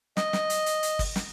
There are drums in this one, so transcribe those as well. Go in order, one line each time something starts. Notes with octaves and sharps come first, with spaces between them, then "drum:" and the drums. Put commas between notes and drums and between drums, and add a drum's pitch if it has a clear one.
D#5, drum: snare
drum: snare
drum: hi-hat
drum: hi-hat
drum: hi-hat
drum: kick, open hi-hat
drum: snare